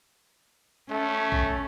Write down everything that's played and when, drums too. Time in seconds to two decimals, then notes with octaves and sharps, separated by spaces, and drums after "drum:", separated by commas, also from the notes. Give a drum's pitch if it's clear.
0.91 A3 C#4
1.32 drum: kick A#1